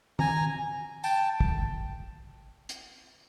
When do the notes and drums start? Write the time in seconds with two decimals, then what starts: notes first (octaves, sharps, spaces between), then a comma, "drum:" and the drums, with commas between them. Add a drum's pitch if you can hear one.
0.19 G#5 A#5, drum: tom D#3
1.04 G5 A5, drum: tambourine
1.40 drum: kick
2.69 drum: hi-hat